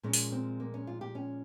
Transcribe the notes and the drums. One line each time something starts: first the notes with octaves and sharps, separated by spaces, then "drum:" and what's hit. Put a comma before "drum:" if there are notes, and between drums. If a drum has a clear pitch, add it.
A#2 F3 G#3 C#4
drum: open hi-hat
C4
A#3
C#4
F4
G4
C#4